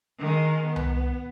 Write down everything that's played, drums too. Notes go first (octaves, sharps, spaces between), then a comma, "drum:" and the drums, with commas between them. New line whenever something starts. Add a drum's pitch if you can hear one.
D#3 G#3
B3
drum: tom C2